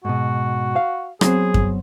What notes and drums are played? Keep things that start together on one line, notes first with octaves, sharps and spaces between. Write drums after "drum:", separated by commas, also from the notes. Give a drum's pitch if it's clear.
G#2 B2 F#4
F5
F#3 B3 C4 G#4, drum: rim click
drum: kick F#2